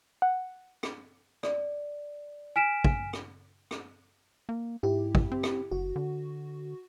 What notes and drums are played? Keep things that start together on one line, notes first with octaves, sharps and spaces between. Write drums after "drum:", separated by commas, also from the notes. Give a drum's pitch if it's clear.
F#5
drum: rim click
D5, drum: rim click
G#5 F6 B6 D7 E7
drum: kick
drum: rim click
drum: rim click
A#3
G#2 E4 G4
drum: kick
C4
drum: rim click
F#1 F#4
D3